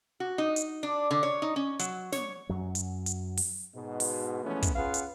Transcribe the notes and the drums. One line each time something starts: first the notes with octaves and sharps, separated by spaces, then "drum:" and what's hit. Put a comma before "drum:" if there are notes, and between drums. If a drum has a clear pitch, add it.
F#4
D#4
drum: hi-hat
D4
D3
C#5
D#4
C#4
F#3, drum: hi-hat
C#5, drum: snare
F#2 F#3
drum: hi-hat
drum: hi-hat
drum: open hi-hat
G#2 B2
drum: open hi-hat
E3 F3 G#3 A3 B3 C#4
drum: kick, hi-hat
C#4 F4 G#4 B4 F5 F#5
drum: hi-hat